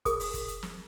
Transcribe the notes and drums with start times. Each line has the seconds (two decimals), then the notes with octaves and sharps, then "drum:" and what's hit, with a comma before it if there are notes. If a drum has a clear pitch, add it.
0.05 G#4 A#4 D#6, drum: kick, hi-hat
0.20 drum: open hi-hat
0.34 drum: kick, hi-hat
0.48 drum: hi-hat
0.63 drum: snare